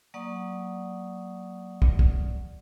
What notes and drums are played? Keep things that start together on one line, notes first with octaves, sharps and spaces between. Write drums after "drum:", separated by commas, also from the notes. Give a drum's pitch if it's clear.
F#3 A#3 D5 F#5 C#6 D#6
drum: kick
drum: kick